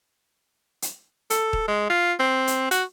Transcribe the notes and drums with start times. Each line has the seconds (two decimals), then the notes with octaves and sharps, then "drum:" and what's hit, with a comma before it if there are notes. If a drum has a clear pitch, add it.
0.82 drum: hi-hat
1.30 A4, drum: hi-hat
1.53 drum: kick D#1
1.68 G#3
1.90 F4
2.20 C4
2.47 drum: hi-hat
2.71 F#4, drum: hi-hat